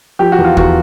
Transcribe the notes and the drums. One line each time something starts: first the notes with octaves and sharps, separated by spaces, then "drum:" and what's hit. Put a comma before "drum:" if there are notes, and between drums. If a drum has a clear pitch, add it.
F3 G4
F#4
E2
F4
E2 F#4, drum: kick